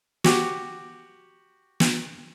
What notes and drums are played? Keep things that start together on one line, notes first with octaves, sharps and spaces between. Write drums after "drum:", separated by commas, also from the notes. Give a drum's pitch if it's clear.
F#4 G4, drum: snare
drum: snare